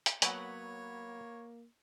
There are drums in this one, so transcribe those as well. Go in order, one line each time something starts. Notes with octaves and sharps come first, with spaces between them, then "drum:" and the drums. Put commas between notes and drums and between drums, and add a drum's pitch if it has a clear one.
drum: hi-hat
F#3 A#3 B3 F#4 B4 C#5 F#5, drum: hi-hat